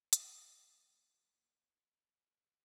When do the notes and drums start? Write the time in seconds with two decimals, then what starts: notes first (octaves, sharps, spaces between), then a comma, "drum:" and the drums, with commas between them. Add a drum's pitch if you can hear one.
0.13 F#1 A#3 A6 B6 D#7, drum: hi-hat